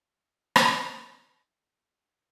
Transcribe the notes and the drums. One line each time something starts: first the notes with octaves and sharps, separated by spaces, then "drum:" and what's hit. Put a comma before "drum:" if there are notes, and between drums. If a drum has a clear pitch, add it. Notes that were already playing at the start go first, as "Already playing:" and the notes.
drum: rim click
A1